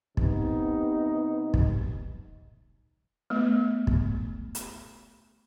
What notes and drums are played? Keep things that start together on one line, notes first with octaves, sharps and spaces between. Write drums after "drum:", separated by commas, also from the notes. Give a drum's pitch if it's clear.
C3 B3 D#4, drum: kick
drum: kick
A3 B3
drum: kick
drum: hi-hat